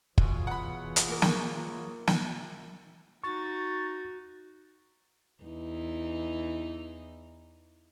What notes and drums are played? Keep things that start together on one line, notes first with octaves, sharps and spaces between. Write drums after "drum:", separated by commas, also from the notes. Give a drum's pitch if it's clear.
B2 E3 F4 G#4 C#5, drum: kick
F#5 B5
drum: hi-hat
A#3 A#4
drum: snare
drum: snare
D#4 F#4 C#6 A6
E2 E3 D#4